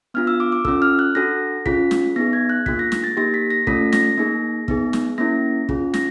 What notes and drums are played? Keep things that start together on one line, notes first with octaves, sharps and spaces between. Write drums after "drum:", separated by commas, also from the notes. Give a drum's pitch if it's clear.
B3 D4 F4 F6
E6
D6
D6
C#4 F4 A4 E6, drum: kick
F6
F#6
D4 F#4 A4 A#6
C#4 F4 G#4 B6, drum: kick
drum: snare
B3 D#4 G#4 A#6
G#6
F#6
A#3 D4 F4 G#4 B6, drum: kick
A#6
drum: snare
A6
A#3 D#4 G4 A#6
B6
A#6
A3 C#4 F4 A4 B6, drum: kick
A#6, drum: snare
A#3 D#4 G#4
B3 D#4 G#4, drum: kick
drum: snare
A#3 C#4 E4 A#6
C#4 F4 G#4, drum: kick
A#6, drum: snare